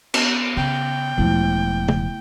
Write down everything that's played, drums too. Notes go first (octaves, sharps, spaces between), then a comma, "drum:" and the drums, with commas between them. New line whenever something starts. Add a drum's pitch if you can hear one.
B3, drum: cymbal
C#3 G5
E1 F3 A3 E4
drum: tom